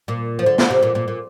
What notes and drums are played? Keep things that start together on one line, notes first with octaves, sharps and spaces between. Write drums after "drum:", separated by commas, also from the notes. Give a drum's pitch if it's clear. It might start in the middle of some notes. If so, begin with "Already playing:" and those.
A#2
F3
D3
D3, drum: snare
C3
A#2
A#2
A#2